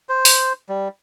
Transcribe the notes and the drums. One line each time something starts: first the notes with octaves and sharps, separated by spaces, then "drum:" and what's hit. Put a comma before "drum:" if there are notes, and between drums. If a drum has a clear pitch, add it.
C5
drum: open hi-hat
G3